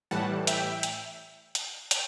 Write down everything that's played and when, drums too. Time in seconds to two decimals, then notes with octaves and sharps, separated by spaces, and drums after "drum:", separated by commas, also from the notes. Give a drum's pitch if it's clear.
0.11 A2 E3 G3 F#5 A5
0.47 E5 G5, drum: hi-hat
0.83 drum: hi-hat
1.55 drum: hi-hat
1.91 drum: hi-hat